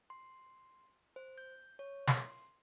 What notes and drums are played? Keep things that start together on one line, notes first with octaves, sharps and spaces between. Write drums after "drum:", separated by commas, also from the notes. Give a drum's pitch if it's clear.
C6
C5
G6
C#5
C6, drum: snare